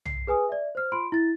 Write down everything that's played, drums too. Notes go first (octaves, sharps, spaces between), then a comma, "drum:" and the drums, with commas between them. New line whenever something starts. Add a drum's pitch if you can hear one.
C7, drum: tom B1
G#4 B4 G#5 D#6
D5 E5
C5 F6
F4 B5 C6 D7
E4 A6